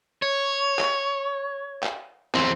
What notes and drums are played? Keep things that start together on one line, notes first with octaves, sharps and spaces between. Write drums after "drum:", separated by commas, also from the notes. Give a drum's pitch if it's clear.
C#5
drum: clap
drum: clap
E2 C4, drum: clap